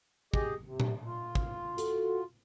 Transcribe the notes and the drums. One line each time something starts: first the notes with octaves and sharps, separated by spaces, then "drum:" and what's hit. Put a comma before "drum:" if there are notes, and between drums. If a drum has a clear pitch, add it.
G4 G#4 D#5, drum: kick
C3
drum: tom A#2
F4
drum: kick
F#4 A4, drum: hi-hat